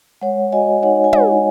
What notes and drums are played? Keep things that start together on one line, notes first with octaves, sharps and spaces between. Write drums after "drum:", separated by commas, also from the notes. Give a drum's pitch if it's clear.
G#3 C#5 F#5
F#4 D#5 G#5
D#4 C#5 F#5
G#5
G#3 C#5 F#5, drum: tom